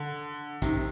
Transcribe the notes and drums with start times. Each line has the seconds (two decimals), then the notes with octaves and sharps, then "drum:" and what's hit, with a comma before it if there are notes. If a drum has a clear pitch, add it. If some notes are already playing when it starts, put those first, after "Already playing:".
Already playing: D3
0.62 C3 D#3, drum: kick A#1, hi-hat